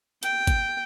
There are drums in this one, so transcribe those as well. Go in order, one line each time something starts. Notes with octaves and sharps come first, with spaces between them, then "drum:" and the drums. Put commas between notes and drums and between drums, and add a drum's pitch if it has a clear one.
G5, drum: hi-hat
drum: kick G#1, hi-hat